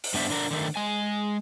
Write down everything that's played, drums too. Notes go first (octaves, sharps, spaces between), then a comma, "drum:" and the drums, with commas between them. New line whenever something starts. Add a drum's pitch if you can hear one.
drum: open hi-hat
G2 B3 D4 C5 E5
D3 D4 A#4
D3 D#3 A3
G#3 G#5